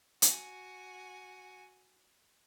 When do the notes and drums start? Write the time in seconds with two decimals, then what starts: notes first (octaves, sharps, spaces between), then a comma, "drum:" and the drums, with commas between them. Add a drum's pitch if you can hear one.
0.22 F#4 G#5, drum: hi-hat